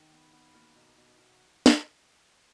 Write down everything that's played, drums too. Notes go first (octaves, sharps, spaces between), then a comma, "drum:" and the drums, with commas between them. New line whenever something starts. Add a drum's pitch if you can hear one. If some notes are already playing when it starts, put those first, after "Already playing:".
Already playing: D#3
B3
B3
A#3 F#4 A#4
B2
B2
B2 F#4 A#4
drum: snare